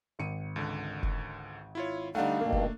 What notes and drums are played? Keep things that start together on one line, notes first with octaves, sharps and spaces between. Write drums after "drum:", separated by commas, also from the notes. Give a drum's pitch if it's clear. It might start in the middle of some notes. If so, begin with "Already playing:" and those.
G#1 C#7 D#7
C#2 D3
drum: kick
E4 F4 C#5
D3 G3 A3 D4 D#4 F5 F#5
G2 B2 D#3 A#3
drum: kick